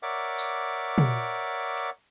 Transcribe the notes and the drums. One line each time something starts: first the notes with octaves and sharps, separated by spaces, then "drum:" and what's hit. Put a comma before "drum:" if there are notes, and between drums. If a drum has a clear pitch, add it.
A#4 C#5 D5 E5 F#5 D6
drum: tambourine
drum: tom
drum: hi-hat